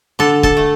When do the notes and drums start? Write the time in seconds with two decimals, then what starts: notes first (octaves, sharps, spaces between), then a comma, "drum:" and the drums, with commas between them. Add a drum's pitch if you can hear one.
0.19 D3 A4 A5
0.43 A4 A5, drum: kick
0.57 A3